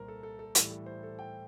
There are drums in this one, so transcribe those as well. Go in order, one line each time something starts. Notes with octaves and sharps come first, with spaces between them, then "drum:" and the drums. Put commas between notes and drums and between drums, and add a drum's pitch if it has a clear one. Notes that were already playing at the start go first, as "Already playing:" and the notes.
Already playing: C2 A#2 G3 A#4 C5
A4
A4
A4
A2 E3 G3 A4, drum: hi-hat
A4
C5
A4
G5